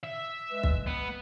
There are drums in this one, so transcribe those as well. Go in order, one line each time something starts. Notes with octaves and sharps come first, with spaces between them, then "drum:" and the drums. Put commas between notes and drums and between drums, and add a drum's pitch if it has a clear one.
E5
G#3 B4
drum: kick
B3